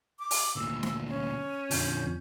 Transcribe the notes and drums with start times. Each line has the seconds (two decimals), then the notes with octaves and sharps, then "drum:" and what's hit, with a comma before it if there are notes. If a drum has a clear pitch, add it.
0.19 D6
0.31 drum: open hi-hat
0.56 D2 A#2 E6
0.83 drum: snare
1.08 C#4
1.71 F2 A#2 D3 F3 G6, drum: open hi-hat